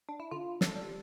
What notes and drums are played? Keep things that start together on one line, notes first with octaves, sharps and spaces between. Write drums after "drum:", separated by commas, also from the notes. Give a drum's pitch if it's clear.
D4
E4
D3 F4
A4, drum: snare
G3